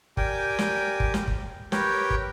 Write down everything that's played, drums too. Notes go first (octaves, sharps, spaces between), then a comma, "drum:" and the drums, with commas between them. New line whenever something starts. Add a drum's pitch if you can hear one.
G4 A#4 D5 G5 G#5, drum: kick
drum: snare
drum: kick
drum: snare
drum: kick
G4 A#4 B4 C#5 G5, drum: snare
drum: kick